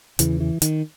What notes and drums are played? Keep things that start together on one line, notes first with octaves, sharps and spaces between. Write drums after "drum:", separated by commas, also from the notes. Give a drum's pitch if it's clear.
E2 C#3 E3, drum: hi-hat
E3
D#3, drum: hi-hat